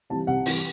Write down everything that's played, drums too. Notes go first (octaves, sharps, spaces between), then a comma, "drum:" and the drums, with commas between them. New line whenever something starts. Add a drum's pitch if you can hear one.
C3 E3 G3 A5
C2 F#5
C3 E3 G3, drum: open hi-hat